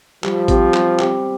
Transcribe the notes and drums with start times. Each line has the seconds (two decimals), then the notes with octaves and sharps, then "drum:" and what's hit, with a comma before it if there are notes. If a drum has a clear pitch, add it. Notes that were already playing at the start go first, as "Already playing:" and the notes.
0.24 F3 G3, drum: clap
0.48 C4 G4, drum: kick A1, hi-hat
0.74 G3, drum: clap
0.99 C4 G4, drum: clap